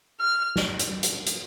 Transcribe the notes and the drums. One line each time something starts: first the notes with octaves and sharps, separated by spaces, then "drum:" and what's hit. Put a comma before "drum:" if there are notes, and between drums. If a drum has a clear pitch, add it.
F6
drum: snare
drum: hi-hat
drum: hi-hat
drum: hi-hat